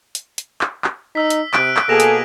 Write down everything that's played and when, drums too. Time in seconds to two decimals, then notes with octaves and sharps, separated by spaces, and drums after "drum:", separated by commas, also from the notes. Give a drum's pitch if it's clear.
0.15 drum: hi-hat
0.38 drum: hi-hat
0.61 drum: clap
0.84 drum: clap
1.15 D#4 E6 B6
1.30 drum: hi-hat
1.54 C3 D#6 F#6 D7, drum: clap
1.77 drum: clap
1.89 B2 A#3 G#4 A4 A#6 E7 F7
2.00 drum: hi-hat